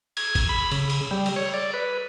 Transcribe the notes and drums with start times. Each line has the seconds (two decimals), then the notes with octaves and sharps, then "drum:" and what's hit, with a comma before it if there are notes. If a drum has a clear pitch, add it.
0.17 G#6, drum: cymbal
0.35 drum: kick F#1, cymbal
0.49 B5
0.72 C#3, drum: cymbal
0.90 drum: cymbal
1.11 G3
1.26 drum: cymbal
1.36 C#5
1.54 D5
1.74 B4